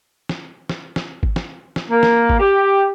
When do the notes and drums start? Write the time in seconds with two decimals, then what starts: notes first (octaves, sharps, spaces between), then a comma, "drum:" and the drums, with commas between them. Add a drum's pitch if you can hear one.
0.29 drum: snare
0.69 drum: snare
0.96 drum: snare
1.23 drum: kick G#1
1.36 drum: snare
1.76 drum: snare
1.89 A#3
2.03 drum: snare
2.30 drum: kick G#1
2.39 G4